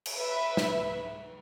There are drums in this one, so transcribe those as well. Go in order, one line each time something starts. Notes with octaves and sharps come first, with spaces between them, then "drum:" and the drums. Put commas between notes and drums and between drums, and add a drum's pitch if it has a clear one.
drum: cymbal
B4 E5
drum: snare